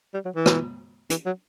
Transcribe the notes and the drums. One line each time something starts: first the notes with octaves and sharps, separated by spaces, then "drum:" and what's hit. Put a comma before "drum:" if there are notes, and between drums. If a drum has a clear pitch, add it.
G3
F#3
E3
drum: rim click
E3, drum: hi-hat
F#3